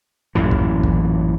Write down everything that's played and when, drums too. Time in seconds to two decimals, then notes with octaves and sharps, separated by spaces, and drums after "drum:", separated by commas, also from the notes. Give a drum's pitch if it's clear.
0.35 A1 F#2 A#2 E3
0.51 drum: kick
0.83 drum: kick